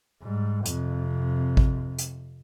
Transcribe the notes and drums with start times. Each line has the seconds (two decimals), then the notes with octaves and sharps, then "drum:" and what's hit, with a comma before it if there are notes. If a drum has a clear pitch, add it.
0.22 G#2 G3
0.66 F2 C3, drum: hi-hat
1.57 drum: kick A1
1.98 drum: hi-hat